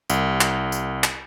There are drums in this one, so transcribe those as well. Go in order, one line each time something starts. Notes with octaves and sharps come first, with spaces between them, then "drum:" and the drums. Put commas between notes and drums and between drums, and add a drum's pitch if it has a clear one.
C2, drum: tambourine
drum: clap
drum: tambourine
drum: clap